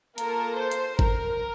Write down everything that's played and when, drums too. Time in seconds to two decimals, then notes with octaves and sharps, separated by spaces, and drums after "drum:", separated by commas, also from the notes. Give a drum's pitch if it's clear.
0.18 A#3 F4 A4 A#4, drum: hi-hat
0.58 C5
0.72 drum: hi-hat
0.99 A#4, drum: kick G#1